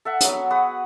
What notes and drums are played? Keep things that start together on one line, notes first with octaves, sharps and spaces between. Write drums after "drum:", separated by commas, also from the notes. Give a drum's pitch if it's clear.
A4 E5 F#5
F#3 B3, drum: hi-hat
F#4 G#4 B4 D#6